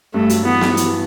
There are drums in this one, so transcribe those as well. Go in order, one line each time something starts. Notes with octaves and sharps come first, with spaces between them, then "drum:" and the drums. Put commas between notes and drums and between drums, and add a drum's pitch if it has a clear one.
G2 G3 A3
F#3, drum: hi-hat
E3 B3
E3, drum: snare
E3, drum: hi-hat